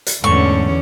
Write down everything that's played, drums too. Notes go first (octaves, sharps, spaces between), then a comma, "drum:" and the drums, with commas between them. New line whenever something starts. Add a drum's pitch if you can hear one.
drum: hi-hat
E2 G#2 D3 A3 C#4 C#6